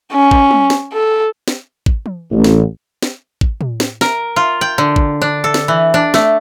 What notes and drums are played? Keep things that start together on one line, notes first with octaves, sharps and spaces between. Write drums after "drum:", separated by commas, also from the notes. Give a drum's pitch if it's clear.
C#4
drum: kick
drum: tom
drum: snare
A4
drum: snare
drum: kick
drum: tom
A1
drum: snare
drum: snare
drum: kick
drum: tom
drum: snare
A#4, drum: snare
F4
G5
D3
drum: kick
D4
A4
drum: snare
E3
D4
A3, drum: snare